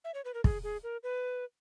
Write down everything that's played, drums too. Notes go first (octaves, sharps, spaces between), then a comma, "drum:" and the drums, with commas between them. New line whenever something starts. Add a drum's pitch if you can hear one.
E5
C#5
B4
A#4
G#4, drum: kick
G#4
A#4
B4